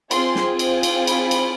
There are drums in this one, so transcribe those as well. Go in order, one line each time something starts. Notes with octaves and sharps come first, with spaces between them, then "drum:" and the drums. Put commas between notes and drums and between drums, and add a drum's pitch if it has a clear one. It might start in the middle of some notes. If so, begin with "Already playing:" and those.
C4 F4 G#4 C6, drum: cymbal
drum: snare
drum: cymbal
drum: cymbal
B5, drum: cymbal
drum: cymbal